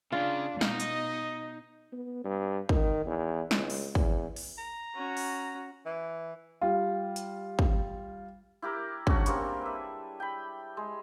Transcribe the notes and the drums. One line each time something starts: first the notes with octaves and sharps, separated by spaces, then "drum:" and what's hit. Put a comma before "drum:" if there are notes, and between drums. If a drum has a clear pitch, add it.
C#3 D4 F4
B2 D#4 D#5, drum: snare
drum: hi-hat
B3
G2
D#3, drum: kick
E2
C#2, drum: snare
drum: open hi-hat
E2, drum: kick
drum: open hi-hat
A#5
C#4 F#4
drum: open hi-hat
E3
G3 F4
drum: hi-hat
drum: kick
E4 G4 A#4 D6
C#3 D4 F#4 F#5, drum: kick
G3 A#3 C4, drum: hi-hat
B4 E5
G5 B5
G#3